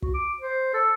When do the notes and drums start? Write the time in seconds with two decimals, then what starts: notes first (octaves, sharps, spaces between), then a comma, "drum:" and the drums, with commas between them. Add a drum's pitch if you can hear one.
0.02 F#4, drum: kick
0.14 D6
0.41 C5
0.74 A4